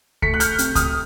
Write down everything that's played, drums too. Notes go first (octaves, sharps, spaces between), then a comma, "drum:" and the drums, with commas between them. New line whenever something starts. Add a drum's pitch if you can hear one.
A3 B6 C#7, drum: kick C#2
F#6
F6 G6, drum: hi-hat
C3, drum: hi-hat
D#6 F6, drum: kick C#2, hi-hat